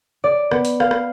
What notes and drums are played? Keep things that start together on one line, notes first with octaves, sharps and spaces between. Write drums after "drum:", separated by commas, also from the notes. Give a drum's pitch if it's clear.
D5
B3, drum: rim click
drum: hi-hat
F5, drum: rim click
drum: rim click